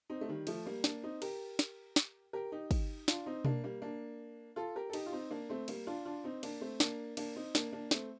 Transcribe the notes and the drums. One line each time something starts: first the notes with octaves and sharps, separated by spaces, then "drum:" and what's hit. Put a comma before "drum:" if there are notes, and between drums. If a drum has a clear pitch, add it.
C4 D#4
A3
D#3 G3
F3 A3, drum: cymbal
G3 A#3
A#3 D4, drum: snare
C4 D#4
G4 A#4, drum: cymbal
drum: snare
drum: snare
G4 A#4
D#4 G4
drum: kick, cymbal
D4 F4, drum: snare
C4 D#4
A#3 D4, drum: tom B2
G3 A#3
A#3 D4
F4 A4
G4 A#4
A4
D#4 G4, drum: cymbal
F4
C4 D#4
A#3 D4
A3 C4
G3 A#3, drum: cymbal
D4 F4
D4 F4
C4 D#4
A#3 D4, drum: cymbal
A3 C4
A#3 D4, drum: snare
A#3 D4, drum: cymbal
C4 D#4
A#3 D4, drum: snare
A#3 D4
A3 C4, drum: snare